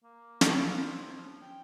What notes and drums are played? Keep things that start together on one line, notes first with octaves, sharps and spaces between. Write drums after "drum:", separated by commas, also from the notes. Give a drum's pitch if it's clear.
A#3
drum: snare
F3 B3 D#4
E6 G#6
C#4
G5